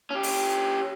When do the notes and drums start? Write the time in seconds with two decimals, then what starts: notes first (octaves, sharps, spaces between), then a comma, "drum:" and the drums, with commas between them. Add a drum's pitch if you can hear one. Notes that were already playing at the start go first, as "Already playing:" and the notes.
0.10 C#4 G4
0.23 drum: open hi-hat